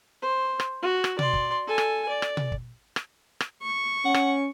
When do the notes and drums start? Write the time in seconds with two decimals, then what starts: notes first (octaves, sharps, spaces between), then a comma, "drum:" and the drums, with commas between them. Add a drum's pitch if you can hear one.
0.22 C5
0.60 drum: rim click
0.82 F#4
1.04 drum: rim click
1.19 D5 C6, drum: tom B2
1.34 drum: kick
1.67 A4 G#5
1.78 drum: rim click
2.09 D5
2.22 drum: rim click
2.37 drum: tom B2
2.52 drum: kick
2.96 drum: rim click
3.41 drum: rim click
3.62 C#6
4.05 C#4 F#5
4.14 drum: rim click